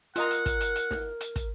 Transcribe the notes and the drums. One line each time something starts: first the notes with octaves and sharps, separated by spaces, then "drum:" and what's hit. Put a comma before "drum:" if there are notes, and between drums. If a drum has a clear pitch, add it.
F4 A#4 D#5 F#5 A#5, drum: hi-hat
drum: hi-hat
drum: kick, hi-hat
drum: hi-hat
drum: hi-hat
drum: snare
drum: hi-hat
drum: kick, hi-hat